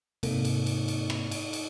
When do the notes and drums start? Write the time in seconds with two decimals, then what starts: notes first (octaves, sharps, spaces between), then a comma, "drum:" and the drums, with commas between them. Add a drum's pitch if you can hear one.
0.23 G#2 C3 A3 A#3 C4, drum: cymbal
0.45 drum: cymbal
0.66 drum: cymbal
0.88 drum: cymbal
1.10 drum: rim click
1.31 drum: cymbal
1.53 drum: cymbal